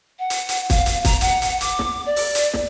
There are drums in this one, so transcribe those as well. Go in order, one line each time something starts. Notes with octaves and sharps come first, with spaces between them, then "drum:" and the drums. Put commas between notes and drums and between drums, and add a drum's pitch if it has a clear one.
F#5
drum: hi-hat
drum: hi-hat
F5, drum: kick, hi-hat
drum: hi-hat
A#5, drum: kick, hi-hat
F#5, drum: hi-hat
drum: hi-hat
D6, drum: hi-hat
drum: snare
D5
drum: open hi-hat
drum: hi-hat
drum: snare